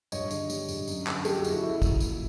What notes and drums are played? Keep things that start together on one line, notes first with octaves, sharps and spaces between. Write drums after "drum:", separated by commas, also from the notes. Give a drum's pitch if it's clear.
G2 C#5 D#5, drum: tambourine
D3, drum: tambourine
G3, drum: tambourine
G2, drum: tambourine
F#2, drum: tambourine
D3, drum: clap
G3 G4 A4, drum: tambourine
F#4 G#4
F#2, drum: tambourine
E4 F#4
F#3 E4
F#3, drum: kick, tambourine
A#2, drum: tambourine